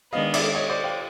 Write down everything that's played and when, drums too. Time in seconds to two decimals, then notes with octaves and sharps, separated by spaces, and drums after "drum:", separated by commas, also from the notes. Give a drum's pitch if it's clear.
0.13 D#3 G#3 B3 D4 D#5 F5
0.34 D5 E5, drum: cymbal
0.55 C#5 D#5
0.69 C5 D5
0.83 F5 G5